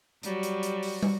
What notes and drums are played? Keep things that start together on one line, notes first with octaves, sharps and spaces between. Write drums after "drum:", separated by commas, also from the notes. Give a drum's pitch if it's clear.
F#3 G3 F#4, drum: hi-hat
drum: hi-hat
drum: hi-hat
drum: open hi-hat
drum: tom